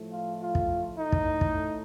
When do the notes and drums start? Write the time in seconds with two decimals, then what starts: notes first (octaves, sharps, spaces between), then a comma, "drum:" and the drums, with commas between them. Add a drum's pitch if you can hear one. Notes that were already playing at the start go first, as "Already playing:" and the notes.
Already playing: A2 F3 A3
0.12 F4
0.41 F4
0.55 drum: kick
0.98 A2 A3 D#4
1.12 drum: kick
1.41 drum: kick